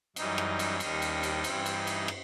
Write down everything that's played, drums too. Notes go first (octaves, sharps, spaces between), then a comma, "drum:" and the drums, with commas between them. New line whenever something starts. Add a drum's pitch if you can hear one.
F#2 E3 G3 D#4, drum: cymbal
drum: rim click
drum: cymbal
D#2 D#3 G3 D#4, drum: cymbal
drum: cymbal
drum: cymbal
G2 E3 G3 C4, drum: cymbal
drum: cymbal
D#4
drum: cymbal
drum: rim click